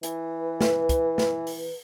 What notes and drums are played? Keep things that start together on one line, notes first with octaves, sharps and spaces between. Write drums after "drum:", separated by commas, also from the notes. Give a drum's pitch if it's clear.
E3 B4, drum: hi-hat
drum: snare
drum: kick, hi-hat
drum: snare
drum: open hi-hat